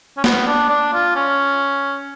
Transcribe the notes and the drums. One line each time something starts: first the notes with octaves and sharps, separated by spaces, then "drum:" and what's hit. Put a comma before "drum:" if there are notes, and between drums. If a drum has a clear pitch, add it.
C#4
B3, drum: snare A#3
D4
D4
F4
C#4